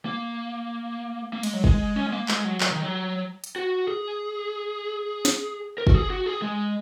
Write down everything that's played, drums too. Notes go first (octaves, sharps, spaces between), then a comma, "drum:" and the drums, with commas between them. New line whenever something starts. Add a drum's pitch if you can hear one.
A#3
A#3
G#3, drum: cymbal
F#3
G#3, drum: kick
C#4
G#3
A#3
G#3, drum: clap
F#3
F#3, drum: clap
D#3
F#3
drum: hi-hat
F#4
G#4
drum: snare
A#4
F#4, drum: kick
G#4
F#4
G#4
G#3